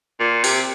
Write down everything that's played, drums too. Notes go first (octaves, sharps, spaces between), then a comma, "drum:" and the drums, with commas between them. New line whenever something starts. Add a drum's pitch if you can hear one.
A#2
C3, drum: open hi-hat